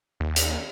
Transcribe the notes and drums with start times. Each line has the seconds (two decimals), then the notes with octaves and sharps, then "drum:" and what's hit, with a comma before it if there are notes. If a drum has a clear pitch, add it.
0.20 D#2
0.36 drum: hi-hat